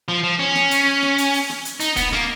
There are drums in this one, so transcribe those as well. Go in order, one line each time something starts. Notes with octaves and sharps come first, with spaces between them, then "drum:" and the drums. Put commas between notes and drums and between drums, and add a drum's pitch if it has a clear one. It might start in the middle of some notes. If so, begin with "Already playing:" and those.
F3
F3
C#4
drum: snare
drum: hi-hat
drum: snare
drum: hi-hat
drum: open hi-hat
drum: snare
drum: hi-hat
D#4, drum: hi-hat
B3, drum: kick, hi-hat
A#3, drum: snare